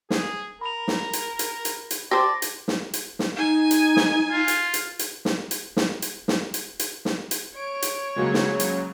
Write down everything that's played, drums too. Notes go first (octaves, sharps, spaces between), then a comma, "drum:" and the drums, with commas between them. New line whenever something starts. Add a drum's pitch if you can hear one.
G#4, drum: snare
A#4 B5 F7
drum: snare
drum: hi-hat
drum: hi-hat
drum: hi-hat
drum: hi-hat
G4 C5 D5 A5 D6 A#6
drum: hi-hat
drum: snare
drum: hi-hat
drum: snare
D#4 G#5
drum: hi-hat
drum: snare
F4
drum: hi-hat
drum: hi-hat
drum: hi-hat
drum: snare
drum: hi-hat
drum: snare
drum: hi-hat
drum: snare
drum: hi-hat
drum: hi-hat
drum: snare
drum: hi-hat
C#5 D7
drum: hi-hat
C#3 F#3 G#3 A#3 F#4
drum: snare
drum: hi-hat